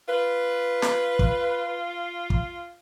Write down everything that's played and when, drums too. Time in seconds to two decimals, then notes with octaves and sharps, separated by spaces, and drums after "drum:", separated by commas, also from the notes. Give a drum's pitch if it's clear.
0.08 F4 B4
0.82 drum: snare
1.19 drum: kick
2.30 drum: kick